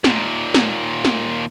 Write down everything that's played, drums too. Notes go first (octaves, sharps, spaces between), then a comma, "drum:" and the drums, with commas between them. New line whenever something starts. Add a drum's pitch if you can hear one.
D#2 A#2, drum: snare
drum: snare
drum: snare